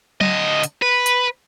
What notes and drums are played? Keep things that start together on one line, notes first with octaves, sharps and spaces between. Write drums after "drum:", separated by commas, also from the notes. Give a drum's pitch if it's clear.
D3 D#5, drum: tom F#3
drum: hi-hat
B4
drum: hi-hat